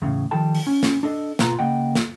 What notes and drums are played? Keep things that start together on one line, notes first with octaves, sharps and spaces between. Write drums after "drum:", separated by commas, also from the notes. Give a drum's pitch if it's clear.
E2 A2 C#3
D#3 F3 G3 A4 G5 A5
drum: open hi-hat
C#4
drum: snare
D4 A4 D#5
B2 B3 F4 A#5, drum: snare
C2 C#3 A#3 D#5 F#5 G5
drum: snare